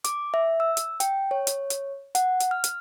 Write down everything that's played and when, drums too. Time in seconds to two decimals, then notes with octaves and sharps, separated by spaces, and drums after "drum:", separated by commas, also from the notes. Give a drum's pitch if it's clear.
0.04 D6, drum: hi-hat
0.34 E5
0.60 E6
0.77 drum: hi-hat
1.00 G5, drum: hi-hat
1.31 C#5
1.47 drum: hi-hat
1.70 drum: hi-hat
2.15 F#5, drum: hi-hat
2.40 drum: hi-hat
2.51 F6
2.64 drum: hi-hat